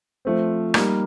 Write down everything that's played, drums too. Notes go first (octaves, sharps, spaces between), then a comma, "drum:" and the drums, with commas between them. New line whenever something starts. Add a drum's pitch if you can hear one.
F3 A3 C4
G3 A#3 D#4, drum: rim click